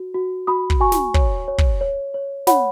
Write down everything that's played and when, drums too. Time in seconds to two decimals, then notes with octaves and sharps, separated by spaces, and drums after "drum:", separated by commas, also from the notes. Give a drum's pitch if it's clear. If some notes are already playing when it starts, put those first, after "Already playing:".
Already playing: F#4
0.14 F#4
0.47 F#4 B5 D#6
0.70 drum: kick
0.80 F#4 G#5 C#6
0.92 drum: snare
1.14 C#5, drum: kick
1.48 C#5
1.58 drum: kick
1.81 C#5
2.14 C#5
2.47 C#5 F#5 B5, drum: snare